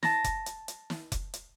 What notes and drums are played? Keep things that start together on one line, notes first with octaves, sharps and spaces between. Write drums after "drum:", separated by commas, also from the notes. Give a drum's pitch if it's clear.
A5 A#6, drum: snare
drum: kick F1, hi-hat
drum: hi-hat
drum: hi-hat
drum: snare
drum: kick F1, hi-hat
drum: hi-hat